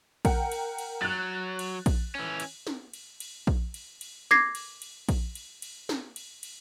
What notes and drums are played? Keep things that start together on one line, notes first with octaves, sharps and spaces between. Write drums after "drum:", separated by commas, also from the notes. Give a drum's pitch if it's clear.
A#4 F#5 G5, drum: kick A#1, cymbal
drum: cymbal
drum: cymbal
F#3 F#6 A6
drum: cymbal
drum: kick A#1, cymbal
E3 C#4
drum: cymbal
drum: snare
drum: cymbal
drum: cymbal
drum: kick A#1
drum: cymbal
drum: cymbal
D6 G#6 A#6 C7, drum: snare
drum: cymbal
drum: cymbal
drum: kick A#1, cymbal
drum: cymbal
drum: cymbal
drum: snare
drum: cymbal
drum: cymbal